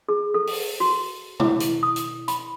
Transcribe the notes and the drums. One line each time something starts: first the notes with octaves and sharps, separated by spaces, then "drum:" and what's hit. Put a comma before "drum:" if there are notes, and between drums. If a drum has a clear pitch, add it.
G#4
A4
drum: open hi-hat
F#4
E4, drum: tom B2
drum: hi-hat
D#6
drum: hi-hat
B5, drum: hi-hat